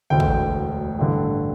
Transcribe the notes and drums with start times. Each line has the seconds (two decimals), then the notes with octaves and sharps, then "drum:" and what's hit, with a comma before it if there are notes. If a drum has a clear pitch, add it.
0.10 E1 D2 D3 G5
0.20 drum: kick
0.98 A1 G2 D3